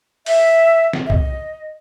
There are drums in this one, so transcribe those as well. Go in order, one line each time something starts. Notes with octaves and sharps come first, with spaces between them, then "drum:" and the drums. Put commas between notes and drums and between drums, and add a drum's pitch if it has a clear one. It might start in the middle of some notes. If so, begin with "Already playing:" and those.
E5, drum: open hi-hat
drum: snare
E5
D#5, drum: kick B1